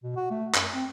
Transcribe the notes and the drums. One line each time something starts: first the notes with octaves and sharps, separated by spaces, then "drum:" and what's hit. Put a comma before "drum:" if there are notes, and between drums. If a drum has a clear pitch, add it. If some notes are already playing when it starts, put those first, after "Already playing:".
B2
F#4
A3
F#2, drum: clap
C4